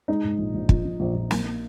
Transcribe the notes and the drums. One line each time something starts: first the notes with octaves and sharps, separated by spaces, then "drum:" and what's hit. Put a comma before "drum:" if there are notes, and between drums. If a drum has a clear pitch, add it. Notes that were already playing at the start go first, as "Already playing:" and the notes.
G#3 D#4
G#2
A#1
A#1
F3, drum: kick
F3
A#1
A#1
A#3, drum: snare
A#3